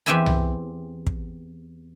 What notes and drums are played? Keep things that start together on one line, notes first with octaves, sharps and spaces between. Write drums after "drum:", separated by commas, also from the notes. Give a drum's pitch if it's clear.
E2 C4 G4 E5 G#5 B5
drum: tom C2
drum: kick